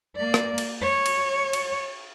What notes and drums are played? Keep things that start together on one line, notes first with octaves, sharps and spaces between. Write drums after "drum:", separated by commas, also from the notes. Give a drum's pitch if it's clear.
A#3 D5
drum: rim click
drum: cymbal
C#5
drum: cymbal
drum: cymbal